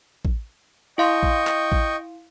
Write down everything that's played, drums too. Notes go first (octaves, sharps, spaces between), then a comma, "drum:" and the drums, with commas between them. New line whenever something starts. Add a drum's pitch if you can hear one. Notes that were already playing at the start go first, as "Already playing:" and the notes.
drum: kick A1
E4 D#5 F5 G5 C6 C#6
drum: kick A1
drum: clap
drum: kick A1